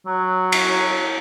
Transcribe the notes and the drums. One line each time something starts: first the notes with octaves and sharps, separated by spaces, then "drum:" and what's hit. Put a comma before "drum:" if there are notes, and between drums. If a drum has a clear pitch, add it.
F#3
drum: cymbal